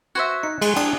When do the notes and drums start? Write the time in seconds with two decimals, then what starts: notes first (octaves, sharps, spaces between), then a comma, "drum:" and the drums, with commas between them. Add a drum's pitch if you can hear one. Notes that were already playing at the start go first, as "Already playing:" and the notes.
0.15 F#4 C5 E5 F#6 G#6 A#6
0.43 D#4 C#7
0.61 G#3 G#5 C6 G7, drum: cymbal
0.76 D4 G5 D#6, drum: cymbal